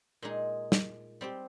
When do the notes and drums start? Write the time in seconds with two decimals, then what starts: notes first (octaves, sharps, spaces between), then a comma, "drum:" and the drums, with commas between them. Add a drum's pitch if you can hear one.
0.22 A#2 G#3 D#4 G#4
0.72 drum: snare
1.21 G3 C4 G4